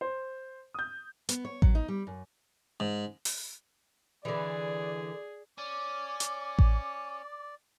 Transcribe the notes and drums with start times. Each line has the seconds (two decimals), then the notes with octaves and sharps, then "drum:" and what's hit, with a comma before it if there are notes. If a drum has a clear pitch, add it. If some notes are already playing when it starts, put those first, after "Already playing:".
0.01 C5
0.74 D#6 G6
1.29 B3, drum: hi-hat
1.45 C#5
1.62 F#3, drum: kick A1
1.75 D#4
1.88 G3
2.07 F#2
2.80 G#2
3.25 drum: open hi-hat
4.25 D3 E3 G#4 D5
5.58 C#4 D5 D6
6.20 drum: hi-hat
6.59 drum: kick A1